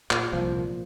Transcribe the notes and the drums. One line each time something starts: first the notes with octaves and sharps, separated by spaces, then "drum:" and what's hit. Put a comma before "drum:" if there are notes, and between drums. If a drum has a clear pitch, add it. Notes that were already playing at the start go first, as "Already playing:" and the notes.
A#2, drum: clap
C2 F3
A#2